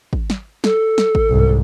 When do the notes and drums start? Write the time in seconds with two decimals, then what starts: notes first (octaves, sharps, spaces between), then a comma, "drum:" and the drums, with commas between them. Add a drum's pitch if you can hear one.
0.13 drum: kick G#1
0.30 drum: snare
0.64 A4, drum: snare
0.98 drum: snare
1.15 drum: kick G#1
1.30 C2 G#2